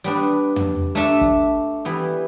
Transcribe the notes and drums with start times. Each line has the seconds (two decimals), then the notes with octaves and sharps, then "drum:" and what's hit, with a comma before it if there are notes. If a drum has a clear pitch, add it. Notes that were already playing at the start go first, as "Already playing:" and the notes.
0.04 G3 B3 D4
0.56 drum: tom
0.95 A3 D4 A4 E5
1.21 drum: kick
1.85 E3 G3 B3